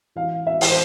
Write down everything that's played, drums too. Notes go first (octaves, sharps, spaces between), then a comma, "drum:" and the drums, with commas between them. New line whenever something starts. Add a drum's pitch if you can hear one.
E3 F5
E5
E3, drum: open hi-hat
C5